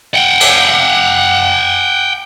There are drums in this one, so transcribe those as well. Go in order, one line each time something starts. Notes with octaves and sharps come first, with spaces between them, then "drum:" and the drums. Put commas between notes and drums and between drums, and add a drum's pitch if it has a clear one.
F#5 G5
drum: cymbal